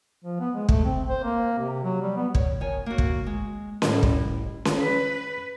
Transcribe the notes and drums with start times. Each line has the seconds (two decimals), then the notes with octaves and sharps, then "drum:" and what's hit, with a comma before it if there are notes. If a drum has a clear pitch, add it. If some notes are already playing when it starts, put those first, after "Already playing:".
0.24 F3
0.40 B3
0.55 G#3
0.69 A3, drum: kick
0.85 C4
1.09 C5
1.24 A#3
1.59 C3
1.84 F#3
2.02 G3
2.17 B3
2.35 C#5, drum: kick
2.60 D#3 C#5 G#5
2.86 A#3 F#4
2.98 drum: kick
3.26 G#3
3.82 D2 A2 G3 E4 A#4 D#5, drum: snare C#4
4.03 drum: kick
4.65 drum: snare C#4
4.81 B4